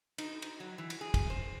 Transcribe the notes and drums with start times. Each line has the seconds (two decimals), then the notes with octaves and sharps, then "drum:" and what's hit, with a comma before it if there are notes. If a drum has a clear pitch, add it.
0.18 D#4, drum: cymbal
0.42 drum: cymbal
0.60 F#3
0.78 E3
0.90 drum: cymbal
1.01 G#4
1.14 drum: kick, cymbal
1.30 C5